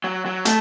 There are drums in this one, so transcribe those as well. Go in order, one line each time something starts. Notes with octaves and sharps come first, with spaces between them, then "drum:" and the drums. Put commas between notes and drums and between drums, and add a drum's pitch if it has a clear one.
F#3
F#3
A3, drum: hi-hat